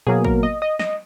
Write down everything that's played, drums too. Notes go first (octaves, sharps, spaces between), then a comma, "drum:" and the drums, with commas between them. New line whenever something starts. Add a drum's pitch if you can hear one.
B2 F#3 A#3 G#4
A#4, drum: kick
D#5
D#5
D#5, drum: snare